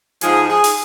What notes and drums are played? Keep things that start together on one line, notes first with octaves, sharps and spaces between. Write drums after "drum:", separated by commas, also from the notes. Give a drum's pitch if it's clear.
G#2 F3 G#4, drum: hi-hat
G#4
drum: open hi-hat